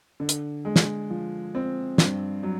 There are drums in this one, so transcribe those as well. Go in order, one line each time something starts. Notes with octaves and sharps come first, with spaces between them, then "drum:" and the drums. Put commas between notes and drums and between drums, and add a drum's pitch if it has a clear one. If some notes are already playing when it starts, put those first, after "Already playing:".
D3
drum: hi-hat
G#3
drum: snare
F3
C4
G2, drum: snare
F#3